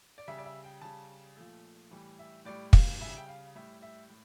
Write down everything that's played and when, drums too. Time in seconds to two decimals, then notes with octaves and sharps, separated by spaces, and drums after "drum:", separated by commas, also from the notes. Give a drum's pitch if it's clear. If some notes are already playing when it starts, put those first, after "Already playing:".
0.18 D5
0.28 C#3 G3 E5
0.38 D5
0.45 E5
0.64 G5
0.81 C#3 G3 A5
1.36 A#2 F3 A3
1.91 A2 E3 G3
2.19 E5
2.45 A2 G3 D5
2.73 F5, drum: kick
3.00 C#3 G3 E5
3.16 G5
3.28 F5
3.55 A2 G3 E5
3.82 E5
4.09 A2